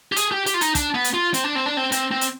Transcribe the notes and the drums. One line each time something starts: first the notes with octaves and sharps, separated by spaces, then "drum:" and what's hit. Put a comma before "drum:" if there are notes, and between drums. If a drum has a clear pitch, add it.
G4
G#4, drum: hi-hat
G4
G4, drum: hi-hat
F4
D#4, drum: hi-hat
D4, drum: kick, hi-hat
B3
drum: hi-hat
F4
C4, drum: hi-hat
D4
C4
D4
C4
C4, drum: hi-hat
C4
drum: hi-hat